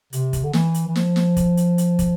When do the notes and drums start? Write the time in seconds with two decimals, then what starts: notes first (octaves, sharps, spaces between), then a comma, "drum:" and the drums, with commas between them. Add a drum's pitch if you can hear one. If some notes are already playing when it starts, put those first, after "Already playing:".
0.13 C3, drum: hi-hat
0.33 drum: kick, hi-hat
0.43 D3
0.53 E3, drum: snare
0.74 drum: hi-hat
0.87 E3
0.96 F3, drum: snare
1.16 drum: snare
1.37 drum: kick, hi-hat
1.57 drum: hi-hat
1.78 drum: hi-hat
1.99 drum: kick, hi-hat